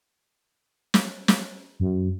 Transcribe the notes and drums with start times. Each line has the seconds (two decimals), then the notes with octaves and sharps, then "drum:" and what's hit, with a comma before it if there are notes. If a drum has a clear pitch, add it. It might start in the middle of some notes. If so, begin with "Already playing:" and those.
0.94 drum: snare
1.28 drum: snare
1.80 F#2